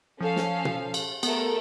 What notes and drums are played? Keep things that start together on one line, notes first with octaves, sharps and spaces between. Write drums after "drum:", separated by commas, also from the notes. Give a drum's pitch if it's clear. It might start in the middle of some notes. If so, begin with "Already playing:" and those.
F3 C#4 A4 F5
drum: snare
drum: tom B2
drum: cymbal
A3 B3 A4 A#4, drum: cymbal